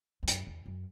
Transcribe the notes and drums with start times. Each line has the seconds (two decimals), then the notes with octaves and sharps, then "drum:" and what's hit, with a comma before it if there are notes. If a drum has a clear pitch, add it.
0.23 E2
0.28 F#2, drum: hi-hat
0.47 E2
0.66 F#2